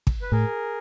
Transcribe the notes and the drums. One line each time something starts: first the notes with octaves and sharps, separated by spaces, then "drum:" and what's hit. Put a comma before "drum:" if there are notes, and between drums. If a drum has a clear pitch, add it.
drum: kick
B4
A2 G#4 A#4